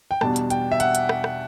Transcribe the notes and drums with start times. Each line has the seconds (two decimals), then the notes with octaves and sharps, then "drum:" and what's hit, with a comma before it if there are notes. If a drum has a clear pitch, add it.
0.11 G5
0.21 E2 B2 G3 D4 A5, drum: rim click
0.36 drum: hi-hat
0.50 G5, drum: hi-hat
0.72 E5
0.80 F#5, drum: hi-hat
0.95 drum: hi-hat
1.09 drum: rim click
1.24 drum: rim click